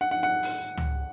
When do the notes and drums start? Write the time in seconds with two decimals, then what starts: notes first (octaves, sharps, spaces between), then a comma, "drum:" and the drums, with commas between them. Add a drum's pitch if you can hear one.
0.01 F#5
0.11 F#5
0.23 F#5
0.43 drum: open hi-hat
0.77 drum: tom C#2